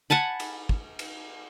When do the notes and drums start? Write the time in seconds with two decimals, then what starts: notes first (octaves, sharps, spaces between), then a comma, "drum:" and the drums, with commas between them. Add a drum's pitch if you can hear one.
0.10 F#5 G#5 A5 B5
0.40 drum: cymbal
0.69 drum: kick
0.99 drum: cymbal